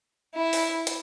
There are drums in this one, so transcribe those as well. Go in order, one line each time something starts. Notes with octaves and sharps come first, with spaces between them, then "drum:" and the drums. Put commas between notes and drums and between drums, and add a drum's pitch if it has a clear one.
E4
drum: open hi-hat
drum: hi-hat